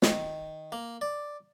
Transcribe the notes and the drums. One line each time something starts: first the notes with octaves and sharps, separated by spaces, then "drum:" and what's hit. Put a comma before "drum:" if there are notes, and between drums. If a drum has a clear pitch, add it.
D#3, drum: snare
A#3
D5